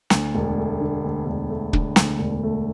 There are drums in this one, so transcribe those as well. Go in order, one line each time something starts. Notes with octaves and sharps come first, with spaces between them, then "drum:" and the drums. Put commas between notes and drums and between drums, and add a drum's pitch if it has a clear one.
D2, drum: snare
E1
A3
D3
D2
E1
A3
D3, drum: kick
D2, drum: snare
E1
A3